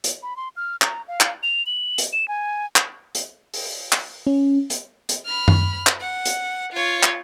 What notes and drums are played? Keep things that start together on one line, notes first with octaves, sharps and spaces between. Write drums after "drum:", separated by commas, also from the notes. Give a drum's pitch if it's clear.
drum: hi-hat
B5
C6
F6
A#5, drum: clap
F5
drum: clap
F7
F#7
drum: hi-hat
E7
G#5
drum: clap
drum: hi-hat
drum: open hi-hat
drum: clap
C#4
drum: hi-hat
drum: hi-hat
B5 F6
drum: tom F#2
drum: clap
F#5
drum: hi-hat
F4 C#5
drum: clap